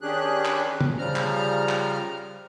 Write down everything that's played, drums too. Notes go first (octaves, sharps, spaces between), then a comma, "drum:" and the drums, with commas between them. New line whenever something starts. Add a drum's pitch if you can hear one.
D#3 C#4 D4 G4 G#4 F#6
drum: clap
drum: tom
C#3 F3 G3 A#5 F6
drum: clap
drum: clap